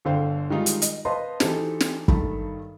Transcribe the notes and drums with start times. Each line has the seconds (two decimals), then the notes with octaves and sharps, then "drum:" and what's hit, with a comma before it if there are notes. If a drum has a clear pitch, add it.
0.05 G1 D3 C5 F5 G5
0.50 D#3 G3 G#3 D#4 F4
0.66 drum: hi-hat
0.82 D#5, drum: hi-hat
1.05 B4 C5 D#5 F5 A5 C6
1.40 E3 D#4 F#4 G4 A4 C5, drum: snare
1.80 drum: snare
2.08 G2 D#3 A4 B5, drum: kick